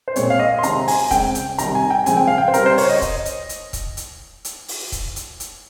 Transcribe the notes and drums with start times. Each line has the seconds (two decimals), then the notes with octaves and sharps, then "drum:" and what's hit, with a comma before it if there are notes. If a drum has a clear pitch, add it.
0.08 C5
0.16 A#2 G#3 C4 C#5, drum: hi-hat
0.30 F5
0.39 D#5
0.59 C6
0.63 C3 D#3 G#3 C4 A#5, drum: hi-hat
0.88 G#5, drum: open hi-hat
1.11 C#3 G#3 C4 G5, drum: kick, hi-hat
1.35 drum: hi-hat
1.58 C3 D#3 G3 A#5, drum: hi-hat
1.75 G#5
1.90 G5
2.06 C#3 F3 G#3 C4 G#5, drum: hi-hat
2.17 G5
2.27 F5
2.38 G5
2.48 C5
2.54 C#3 G3 C4 A#4, drum: hi-hat
2.66 C5
2.78 C#5, drum: open hi-hat
2.89 D#5
3.02 drum: kick, hi-hat
3.25 drum: hi-hat
3.49 drum: hi-hat
3.73 drum: kick, hi-hat
3.97 drum: hi-hat
4.45 drum: hi-hat
4.68 drum: open hi-hat
4.92 drum: kick, hi-hat
5.16 drum: hi-hat
5.40 drum: hi-hat